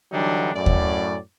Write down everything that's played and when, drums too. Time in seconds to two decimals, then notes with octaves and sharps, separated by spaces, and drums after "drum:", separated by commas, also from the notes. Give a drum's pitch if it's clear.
0.12 D3 E3 F#3 G3 D4 D#4
0.54 F#2 A2 D5
0.66 drum: kick D#2